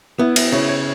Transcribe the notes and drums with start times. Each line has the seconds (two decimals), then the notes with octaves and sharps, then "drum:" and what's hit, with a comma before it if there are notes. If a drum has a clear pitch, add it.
0.19 B3 E4
0.36 E4, drum: cymbal
0.52 C#3 E4
0.68 C#5